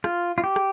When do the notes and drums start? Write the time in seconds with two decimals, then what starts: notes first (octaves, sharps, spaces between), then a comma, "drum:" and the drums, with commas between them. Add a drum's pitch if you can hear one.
0.04 F4, drum: rim click
0.38 F4
0.44 G4
0.56 drum: rim click